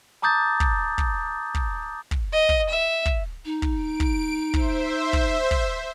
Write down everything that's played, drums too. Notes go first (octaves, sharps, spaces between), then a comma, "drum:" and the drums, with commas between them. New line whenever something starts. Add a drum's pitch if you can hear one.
A5 A#5 D6 D#6 G6 A6
drum: kick
drum: kick
drum: kick
drum: kick
D#5
drum: kick
E5
drum: kick
D#4
drum: kick
D7
drum: kick
C5 E5, drum: kick
drum: kick
drum: kick